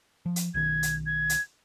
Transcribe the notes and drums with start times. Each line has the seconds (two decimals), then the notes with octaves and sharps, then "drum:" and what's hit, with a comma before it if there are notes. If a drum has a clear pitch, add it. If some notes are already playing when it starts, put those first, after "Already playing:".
0.26 F3
0.36 drum: hi-hat
0.54 B1 D#3 G#6
0.83 drum: hi-hat
1.06 G#6
1.29 drum: hi-hat